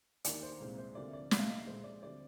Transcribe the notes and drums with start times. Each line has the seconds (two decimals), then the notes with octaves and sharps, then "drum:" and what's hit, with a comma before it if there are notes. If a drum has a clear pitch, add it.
0.24 D#2 D#3 A#3 D5, drum: hi-hat
0.43 C5
0.60 C2 A#2 G#3 C4
0.78 C5
0.95 D2 C3 F3 A#3 D5
1.13 D5
1.31 C2 A#2 G3, drum: snare
1.39 F5
1.49 D#5
1.67 A#2 F3 G#3 C5
1.84 D5
2.02 D2 D3 G3 C4 D5